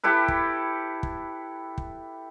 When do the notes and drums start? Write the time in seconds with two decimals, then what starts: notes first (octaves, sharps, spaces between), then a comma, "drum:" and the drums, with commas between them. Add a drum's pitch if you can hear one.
0.04 E4 G4 A4 B4
0.28 drum: kick
1.03 drum: kick
1.78 drum: kick